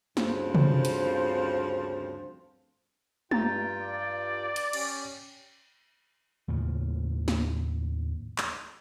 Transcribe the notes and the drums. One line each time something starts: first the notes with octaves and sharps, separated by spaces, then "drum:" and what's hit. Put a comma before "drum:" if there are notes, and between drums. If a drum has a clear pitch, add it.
D2 G2 C#3 F3 C4, drum: snare
drum: tom C3
drum: hi-hat
G2 F4 G5 A#5 A6, drum: tom G#3
D5
drum: hi-hat
C#4 G4, drum: cymbal
D#2 A2 C#3 F3
drum: snare
drum: clap